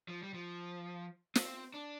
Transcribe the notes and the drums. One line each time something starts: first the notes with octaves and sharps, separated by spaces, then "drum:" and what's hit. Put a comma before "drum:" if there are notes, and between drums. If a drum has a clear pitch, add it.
F3
G3
F3
C4, drum: snare
D4